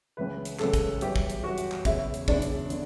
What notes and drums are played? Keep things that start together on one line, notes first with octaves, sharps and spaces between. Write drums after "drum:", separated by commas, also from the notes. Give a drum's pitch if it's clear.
C#2 C#3 E3 B4
drum: hi-hat
C#2 C#3 E3 A4, drum: clap
drum: kick, hi-hat
G1 F#2 E3 G4, drum: hi-hat
drum: kick
drum: hi-hat
G1 F#2 E3 F#4
drum: hi-hat
drum: clap
E1 E2 C#3 E3 E4, drum: kick, hi-hat
drum: hi-hat
E1 E2 C#3 E3 D4, drum: kick
drum: hi-hat
D3, drum: hi-hat